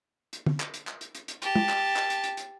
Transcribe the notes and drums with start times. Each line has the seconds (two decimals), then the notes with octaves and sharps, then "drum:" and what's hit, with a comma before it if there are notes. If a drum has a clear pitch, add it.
0.33 drum: hi-hat
0.46 drum: tom
0.60 drum: clap
0.74 drum: hi-hat
0.87 drum: clap
1.01 drum: hi-hat
1.15 drum: hi-hat
1.28 drum: hi-hat
1.42 G4 A5, drum: hi-hat
1.56 drum: tom
1.69 drum: clap
1.96 drum: clap
2.10 drum: hi-hat
2.24 drum: hi-hat
2.37 drum: hi-hat